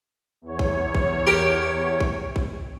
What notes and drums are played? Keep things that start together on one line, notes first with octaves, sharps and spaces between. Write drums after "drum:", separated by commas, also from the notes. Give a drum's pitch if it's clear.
E2 C#5
drum: kick
drum: kick
G4 A#4
drum: kick
drum: kick